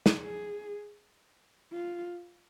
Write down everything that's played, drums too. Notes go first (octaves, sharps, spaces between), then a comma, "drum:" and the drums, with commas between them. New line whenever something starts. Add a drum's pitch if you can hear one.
drum: snare
G#4
F4